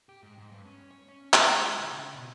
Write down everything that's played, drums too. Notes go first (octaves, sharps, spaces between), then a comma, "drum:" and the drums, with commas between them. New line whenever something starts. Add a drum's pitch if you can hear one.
G4
G#2
G#2
G2
C#4
C#5
C#4
G3, drum: clap
G#3
D3
C#3
B2